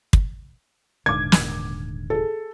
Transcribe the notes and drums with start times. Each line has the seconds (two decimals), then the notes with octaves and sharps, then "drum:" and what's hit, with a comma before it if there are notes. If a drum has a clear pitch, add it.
0.13 drum: kick
1.06 D#1 G#2 D3 D6 G#6
1.32 drum: snare
2.10 G#4 A4